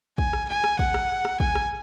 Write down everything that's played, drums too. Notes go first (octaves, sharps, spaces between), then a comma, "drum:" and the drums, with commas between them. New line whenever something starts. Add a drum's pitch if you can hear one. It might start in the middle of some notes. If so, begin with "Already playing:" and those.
G#5, drum: kick
drum: rim click
G#5
drum: rim click
F#5, drum: kick
drum: rim click
drum: rim click
G#5, drum: kick
drum: rim click